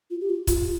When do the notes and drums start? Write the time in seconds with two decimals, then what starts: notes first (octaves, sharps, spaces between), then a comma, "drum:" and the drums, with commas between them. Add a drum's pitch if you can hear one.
0.10 F4
0.21 G4
0.30 F4
0.47 F4, drum: kick, hi-hat